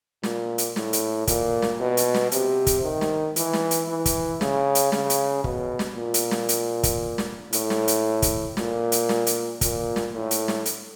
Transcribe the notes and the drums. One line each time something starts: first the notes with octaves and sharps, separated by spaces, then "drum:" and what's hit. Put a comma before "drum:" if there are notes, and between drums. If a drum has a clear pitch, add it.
A#2, drum: snare
drum: hi-hat
A2, drum: snare
drum: hi-hat
A#2, drum: kick, hi-hat
drum: snare
B2
drum: hi-hat
drum: snare
C3, drum: hi-hat
drum: kick, hi-hat
D#3
drum: snare
E3, drum: hi-hat
drum: snare
drum: hi-hat
E3
drum: kick, hi-hat
C#3, drum: snare
drum: hi-hat
C#3, drum: snare
drum: hi-hat
B2, drum: kick
drum: snare
A#2
drum: hi-hat
drum: snare
drum: hi-hat
drum: kick, hi-hat
drum: snare
A2, drum: hi-hat
drum: snare
drum: hi-hat
drum: kick, hi-hat
A#2, drum: snare
drum: hi-hat
drum: snare
drum: hi-hat
A#2, drum: kick, hi-hat
drum: snare
A2
drum: hi-hat
drum: snare
drum: hi-hat